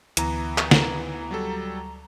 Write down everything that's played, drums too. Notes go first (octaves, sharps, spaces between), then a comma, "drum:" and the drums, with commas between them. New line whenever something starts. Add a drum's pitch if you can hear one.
D2 E3 B3 A#5, drum: hi-hat
drum: clap
drum: snare
F#3 G3 A4